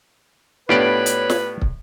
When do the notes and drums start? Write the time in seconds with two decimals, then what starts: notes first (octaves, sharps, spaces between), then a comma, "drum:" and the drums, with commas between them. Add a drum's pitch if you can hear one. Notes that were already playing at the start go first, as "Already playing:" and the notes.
0.69 A2 B3 D4 F4 G4 B4 C#5 D5
1.06 drum: hi-hat
1.30 drum: snare
1.62 drum: kick